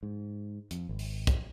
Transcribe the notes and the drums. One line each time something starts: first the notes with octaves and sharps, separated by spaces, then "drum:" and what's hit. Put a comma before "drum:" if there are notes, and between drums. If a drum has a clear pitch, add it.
G#2
F2, drum: hi-hat
G#1
drum: open hi-hat
drum: kick, hi-hat